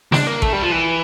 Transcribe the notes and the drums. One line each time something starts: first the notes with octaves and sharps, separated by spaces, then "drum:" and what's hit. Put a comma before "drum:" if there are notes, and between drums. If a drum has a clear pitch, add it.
D4, drum: snare
A#3
A3, drum: kick
G3
F3
E3